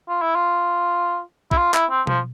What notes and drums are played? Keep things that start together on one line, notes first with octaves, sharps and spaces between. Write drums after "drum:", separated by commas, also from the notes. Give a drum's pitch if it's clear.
F4
E4
F4
E4, drum: kick
F4
E4, drum: clap
C4
F3, drum: tom B2